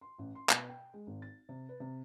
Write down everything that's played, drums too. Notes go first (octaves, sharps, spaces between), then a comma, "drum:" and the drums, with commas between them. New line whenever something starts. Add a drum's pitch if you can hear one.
C6
A1
C6
B2, drum: clap
G5
G#3
G#1
A6
C3
B4
C3